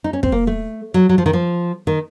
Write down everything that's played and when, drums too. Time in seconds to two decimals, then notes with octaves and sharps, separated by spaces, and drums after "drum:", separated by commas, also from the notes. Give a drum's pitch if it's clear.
0.04 D#4
0.13 C#4
0.23 C4, drum: kick
0.32 A#3
0.47 A3
0.94 F#3
1.09 F#3
1.18 F3
1.26 D#3
1.33 F3
1.87 D#3